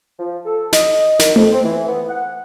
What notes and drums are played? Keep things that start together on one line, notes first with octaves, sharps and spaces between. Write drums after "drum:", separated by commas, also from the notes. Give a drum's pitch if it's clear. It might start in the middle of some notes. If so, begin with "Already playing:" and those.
F3
A4
D#5, drum: snare
D#3, drum: snare
F2, drum: tom A3
C4
E3
B3
F#5